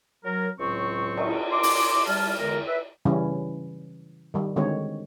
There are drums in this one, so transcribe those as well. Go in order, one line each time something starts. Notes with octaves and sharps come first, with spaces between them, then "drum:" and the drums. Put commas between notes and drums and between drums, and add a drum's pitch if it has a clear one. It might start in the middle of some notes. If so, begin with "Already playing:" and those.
F#3 A#4
C#2 A2 F#3 C4 C#6
drum: cymbal
C6 D6
drum: open hi-hat
G3 A5 F6
E2 D3 G#3 A#4
B4 E5
C#3 E3 G3 C#4 E4
D#3 G3
D3 D#3 G#3 C4 F#4 C#5